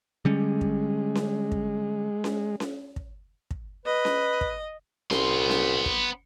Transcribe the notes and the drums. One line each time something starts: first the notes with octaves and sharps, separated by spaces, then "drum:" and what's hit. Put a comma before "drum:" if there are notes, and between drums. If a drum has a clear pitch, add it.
D3 G3 G#3 C#4
drum: kick
drum: snare C#4
drum: kick
drum: snare C#4
drum: snare C#4
drum: kick
drum: kick
B4 D#5
drum: snare C#4
drum: kick
C2 B3 C6, drum: snare C#4
drum: snare C#4
drum: kick